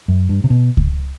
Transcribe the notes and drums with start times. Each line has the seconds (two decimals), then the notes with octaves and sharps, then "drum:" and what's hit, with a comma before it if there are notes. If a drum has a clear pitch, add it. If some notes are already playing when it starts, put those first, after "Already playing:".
0.08 F#2
0.29 G2
0.44 C3
0.50 B2
0.77 drum: kick C#2